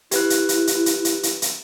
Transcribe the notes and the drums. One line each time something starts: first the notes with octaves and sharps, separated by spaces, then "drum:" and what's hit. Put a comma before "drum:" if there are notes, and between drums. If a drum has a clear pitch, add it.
E4 G4 B4 F#6, drum: hi-hat
drum: hi-hat
drum: hi-hat
drum: hi-hat
drum: hi-hat
drum: hi-hat
drum: hi-hat
drum: hi-hat